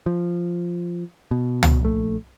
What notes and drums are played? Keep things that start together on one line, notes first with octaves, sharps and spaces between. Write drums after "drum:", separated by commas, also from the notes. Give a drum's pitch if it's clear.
F3
B2
drum: tom
A#1 A3